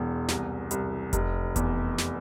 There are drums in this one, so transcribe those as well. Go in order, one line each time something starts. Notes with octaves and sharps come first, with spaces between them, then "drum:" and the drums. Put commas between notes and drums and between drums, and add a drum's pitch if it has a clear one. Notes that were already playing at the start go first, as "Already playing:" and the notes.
Already playing: E1 E2
C2, drum: snare
C2, drum: hi-hat
F1, drum: kick F1, hi-hat
E2, drum: kick F1, hi-hat
drum: snare